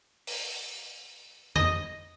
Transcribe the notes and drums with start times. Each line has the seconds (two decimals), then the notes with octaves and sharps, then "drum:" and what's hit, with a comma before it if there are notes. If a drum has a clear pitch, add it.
0.27 drum: open hi-hat
1.56 D#5, drum: tom F2